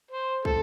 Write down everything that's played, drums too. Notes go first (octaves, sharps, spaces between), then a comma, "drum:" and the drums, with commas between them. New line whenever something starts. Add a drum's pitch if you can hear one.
C5
A4, drum: kick